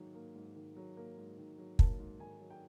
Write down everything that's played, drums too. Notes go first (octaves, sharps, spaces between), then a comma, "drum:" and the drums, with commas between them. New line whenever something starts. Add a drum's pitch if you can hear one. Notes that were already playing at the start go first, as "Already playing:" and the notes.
Already playing: G#2 D#3 F#3 A#3
A#3
G#2
D#3
F#3
A#3
G#2
D#3
F#3
A#3 A5, drum: kick
G#2
D#3 G#5
F#3
G5